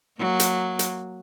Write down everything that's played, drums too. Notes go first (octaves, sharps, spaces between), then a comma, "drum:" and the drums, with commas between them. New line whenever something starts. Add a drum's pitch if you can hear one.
F#3 A#3
drum: hi-hat
drum: hi-hat